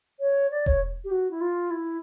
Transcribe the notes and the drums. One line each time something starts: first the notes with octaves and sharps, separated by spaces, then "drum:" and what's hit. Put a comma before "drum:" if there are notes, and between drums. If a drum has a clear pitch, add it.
C#5
D5
C#5, drum: kick E1
G4
F#4
E4
F4
E4